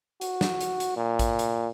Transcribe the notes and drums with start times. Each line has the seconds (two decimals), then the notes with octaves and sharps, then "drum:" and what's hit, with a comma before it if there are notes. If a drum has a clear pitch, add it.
0.21 F#4, drum: hi-hat
0.41 drum: snare
0.61 drum: hi-hat
0.80 drum: hi-hat
0.96 A#2
1.19 drum: kick A1, hi-hat
1.39 drum: hi-hat